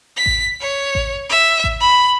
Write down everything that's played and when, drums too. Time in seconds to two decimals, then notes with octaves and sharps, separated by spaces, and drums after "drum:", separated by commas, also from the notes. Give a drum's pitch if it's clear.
0.16 B6
0.26 drum: kick A1
0.61 C#5
0.95 drum: kick A1
1.29 E5
1.64 drum: kick A1
1.80 B5